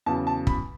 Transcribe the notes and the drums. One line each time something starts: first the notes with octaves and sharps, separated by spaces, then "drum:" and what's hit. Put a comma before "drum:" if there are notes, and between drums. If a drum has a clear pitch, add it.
E2 C#3 F#3 A5
A5
B5, drum: kick